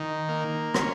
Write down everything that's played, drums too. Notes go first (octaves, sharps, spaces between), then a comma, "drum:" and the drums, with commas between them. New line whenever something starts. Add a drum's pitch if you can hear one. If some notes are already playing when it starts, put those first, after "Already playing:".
Already playing: D#3
A#3
C#4, drum: rim click